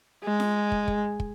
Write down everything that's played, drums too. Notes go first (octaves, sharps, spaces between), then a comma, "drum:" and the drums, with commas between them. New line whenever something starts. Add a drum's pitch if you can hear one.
G#3
drum: snare F4
drum: kick
drum: kick
drum: kick